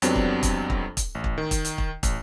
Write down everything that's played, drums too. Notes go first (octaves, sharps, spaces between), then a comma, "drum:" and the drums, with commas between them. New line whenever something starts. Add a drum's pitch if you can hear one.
F2 F#3 G3 B3 C4 D4, drum: hi-hat
drum: kick
drum: kick, hi-hat
drum: kick
drum: kick, hi-hat
A1
drum: kick
D#3
drum: kick, hi-hat
drum: hi-hat
drum: kick
A1, drum: kick, hi-hat